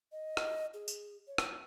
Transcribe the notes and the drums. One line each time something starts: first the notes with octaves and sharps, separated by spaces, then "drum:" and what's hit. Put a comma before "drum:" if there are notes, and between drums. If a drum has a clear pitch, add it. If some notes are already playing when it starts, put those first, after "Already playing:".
D#5
drum: rim click
G#4
drum: tambourine
C#5
drum: rim click